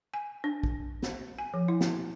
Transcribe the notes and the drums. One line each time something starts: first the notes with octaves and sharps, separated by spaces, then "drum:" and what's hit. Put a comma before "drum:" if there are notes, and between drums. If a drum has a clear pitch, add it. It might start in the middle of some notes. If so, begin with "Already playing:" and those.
G#5
D4
drum: kick
drum: snare
G#5
F3
E4
drum: snare